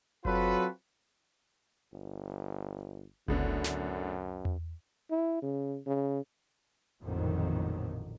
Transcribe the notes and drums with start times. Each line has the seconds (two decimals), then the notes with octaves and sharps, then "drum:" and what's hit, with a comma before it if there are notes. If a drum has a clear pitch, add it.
0.25 F#3 C4 F4 F#4 A4 B4, drum: kick F#1
1.93 G1
3.28 C#2 F#2 A2 D3 B3, drum: kick F#1
3.64 drum: snare
4.45 drum: tom E2
5.11 E4
5.42 C#3
5.87 C#3
7.01 A1 F2 A#2 D3 D#3 F#3